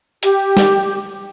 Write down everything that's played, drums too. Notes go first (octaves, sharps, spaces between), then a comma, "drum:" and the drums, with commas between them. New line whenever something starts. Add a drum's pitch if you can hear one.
G4, drum: hi-hat
drum: snare